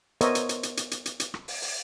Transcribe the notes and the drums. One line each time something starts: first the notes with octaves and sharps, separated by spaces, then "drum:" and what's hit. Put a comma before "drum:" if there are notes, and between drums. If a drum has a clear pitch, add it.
B3 A#4 C5 C#5 D#5 E5, drum: hi-hat
drum: hi-hat
drum: hi-hat
drum: hi-hat
drum: hi-hat
drum: hi-hat
drum: hi-hat
drum: hi-hat
drum: rim click
drum: open hi-hat
drum: open hi-hat